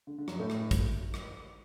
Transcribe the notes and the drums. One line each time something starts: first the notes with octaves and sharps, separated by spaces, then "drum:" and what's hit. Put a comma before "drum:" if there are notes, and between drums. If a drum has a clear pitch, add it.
D3
D3
F#2 F#3, drum: rim click
A2 A3
drum: rim click
drum: kick, hi-hat
drum: rim click